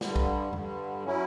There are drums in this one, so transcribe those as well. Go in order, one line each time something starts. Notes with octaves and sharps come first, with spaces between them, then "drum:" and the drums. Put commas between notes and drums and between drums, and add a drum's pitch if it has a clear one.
G2 D3 G3, drum: snare
drum: kick B1
G2 D3 G3, drum: tom F2
F#3 C#4 E4